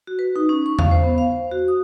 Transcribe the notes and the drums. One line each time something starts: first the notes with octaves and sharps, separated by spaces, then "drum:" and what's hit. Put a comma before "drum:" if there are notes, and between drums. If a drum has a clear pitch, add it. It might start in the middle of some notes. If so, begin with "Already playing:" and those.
F#4
B4
D#4
C#4
C#6
F5, drum: tom E2
C5
B3
F5
C5
F#4
D#6